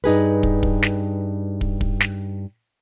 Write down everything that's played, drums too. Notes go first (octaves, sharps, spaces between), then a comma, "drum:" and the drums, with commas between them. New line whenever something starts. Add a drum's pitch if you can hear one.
G2 D#4 G#4 B4
drum: kick
drum: kick
drum: snare
drum: kick
drum: kick
drum: snare